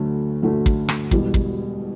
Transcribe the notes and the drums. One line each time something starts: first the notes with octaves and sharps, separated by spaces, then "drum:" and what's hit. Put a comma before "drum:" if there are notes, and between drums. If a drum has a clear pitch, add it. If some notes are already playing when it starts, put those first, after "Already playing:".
Already playing: D2 D3 F#3 A3
D2 D3 F#3 A3
drum: kick
drum: rim click
E1 E2 B2 G3, drum: kick
drum: kick